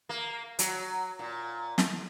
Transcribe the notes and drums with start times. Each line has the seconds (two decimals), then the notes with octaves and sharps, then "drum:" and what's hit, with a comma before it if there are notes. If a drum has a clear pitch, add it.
0.09 A#3
0.59 F#3, drum: hi-hat
1.19 A#2
1.78 drum: snare